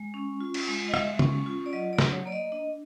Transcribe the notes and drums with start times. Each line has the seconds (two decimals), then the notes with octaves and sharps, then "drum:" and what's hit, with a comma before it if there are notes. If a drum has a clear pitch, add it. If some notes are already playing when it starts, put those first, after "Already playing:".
Already playing: G#3
0.14 C#4
0.41 F4
0.54 drum: cymbal
0.68 G#3
0.88 D#5
0.94 G#3 E5, drum: rim click
1.19 C#4, drum: tom
1.46 F4
1.66 D5
1.73 F#3 D#5
1.93 D5
1.99 F#3, drum: snare
2.11 C#5
2.26 A#3 D5
2.32 D#5
2.52 D4 D#5